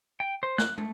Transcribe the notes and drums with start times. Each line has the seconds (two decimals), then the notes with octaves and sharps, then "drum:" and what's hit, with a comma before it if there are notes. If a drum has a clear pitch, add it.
0.20 G5
0.43 C5
0.58 F#6, drum: snare
0.78 A3, drum: tom